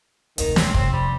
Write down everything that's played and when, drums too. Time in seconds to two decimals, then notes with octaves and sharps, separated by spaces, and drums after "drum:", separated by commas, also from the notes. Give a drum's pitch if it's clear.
0.38 F1 D2 D#3, drum: hi-hat
0.56 C4, drum: snare
0.74 F2 C3 C4, drum: kick
0.93 G3